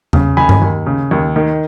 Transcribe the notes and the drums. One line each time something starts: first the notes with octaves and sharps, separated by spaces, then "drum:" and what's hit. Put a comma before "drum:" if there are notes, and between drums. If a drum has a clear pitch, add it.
C#3, drum: tom E2
D#2 G#5 B5
drum: tom G2
D#2
C#3
D#2
D#3